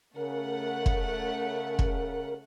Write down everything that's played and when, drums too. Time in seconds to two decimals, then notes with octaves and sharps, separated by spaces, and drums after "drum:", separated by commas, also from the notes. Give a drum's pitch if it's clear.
0.16 C#3 A3 A#4 F#5
0.86 drum: kick
1.79 drum: kick